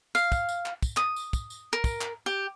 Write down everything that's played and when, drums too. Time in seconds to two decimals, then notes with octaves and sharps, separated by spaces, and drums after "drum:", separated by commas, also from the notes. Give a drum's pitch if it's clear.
0.15 F5, drum: tambourine
0.32 drum: kick, tambourine
0.49 drum: tambourine
0.66 drum: clap
0.83 drum: kick, tambourine
0.97 D#6, drum: clap
1.16 drum: tambourine
1.33 drum: kick, tambourine
1.50 drum: tambourine
1.73 A#4
1.84 drum: kick, tambourine
2.01 drum: clap
2.26 G4